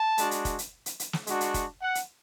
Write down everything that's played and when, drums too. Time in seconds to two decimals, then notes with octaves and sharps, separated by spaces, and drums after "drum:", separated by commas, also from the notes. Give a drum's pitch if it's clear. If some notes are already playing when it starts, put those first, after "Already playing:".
Already playing: A5
0.18 G#3 D4 F#4, drum: hi-hat
0.31 drum: hi-hat
0.45 drum: kick F1, hi-hat
0.59 drum: hi-hat
0.86 drum: hi-hat
1.00 drum: hi-hat
1.13 drum: snare
1.27 G#3 D4 F#4, drum: hi-hat
1.41 drum: hi-hat
1.54 drum: kick F1, hi-hat
1.82 F#5
1.95 drum: hi-hat